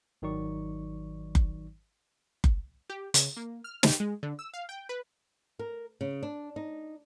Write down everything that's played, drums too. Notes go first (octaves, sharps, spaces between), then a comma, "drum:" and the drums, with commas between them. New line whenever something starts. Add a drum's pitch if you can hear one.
G#1 D#3 F#3 D#4 D5 C#6
drum: kick F#1
drum: kick F#1
G4
C#3, drum: hi-hat
A#3
F6
G4, drum: snare
G#3
D3
E6
F5
G5
B4
A#4
C#3
D4
D#4